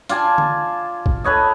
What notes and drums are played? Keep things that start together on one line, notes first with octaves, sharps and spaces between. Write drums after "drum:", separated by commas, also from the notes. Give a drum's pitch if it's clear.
F4 D5 G#5 A5, drum: hi-hat
drum: tom D3
drum: kick
A4 B4 C#5 D#5